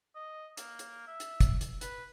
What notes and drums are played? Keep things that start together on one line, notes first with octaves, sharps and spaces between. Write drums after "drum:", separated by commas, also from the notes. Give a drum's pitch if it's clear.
D#5
A#3, drum: hi-hat
drum: hi-hat
E5
drum: hi-hat
drum: kick, hi-hat
drum: hi-hat
B4, drum: hi-hat